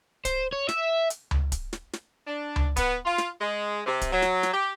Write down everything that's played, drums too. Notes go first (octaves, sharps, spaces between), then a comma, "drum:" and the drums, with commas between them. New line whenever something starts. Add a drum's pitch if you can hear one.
C5, drum: kick D1, hi-hat
C#5
E5, drum: snare
drum: hi-hat
drum: tom C#2
drum: kick D1, hi-hat
drum: snare
drum: snare
D4
drum: tom C#2
B3, drum: kick D1, hi-hat
F4
drum: snare
G#3
C3
drum: kick D1, hi-hat
F#3
drum: snare
drum: snare
G4